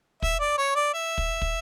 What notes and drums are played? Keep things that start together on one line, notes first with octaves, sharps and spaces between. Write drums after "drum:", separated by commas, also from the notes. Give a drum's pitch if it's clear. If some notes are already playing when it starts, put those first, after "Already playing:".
E5, drum: kick
D5
C#5
D5
E5
drum: kick
drum: kick